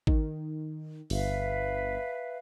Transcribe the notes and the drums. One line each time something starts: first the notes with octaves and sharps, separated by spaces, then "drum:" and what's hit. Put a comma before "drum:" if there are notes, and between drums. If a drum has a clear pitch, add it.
D#3, drum: kick
G1 B4 E5 F5, drum: open hi-hat